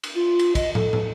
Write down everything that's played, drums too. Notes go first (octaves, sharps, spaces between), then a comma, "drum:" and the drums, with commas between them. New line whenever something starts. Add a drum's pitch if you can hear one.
drum: cymbal
F4
drum: cymbal
D#5, drum: kick, cymbal
A4, drum: tom
drum: tom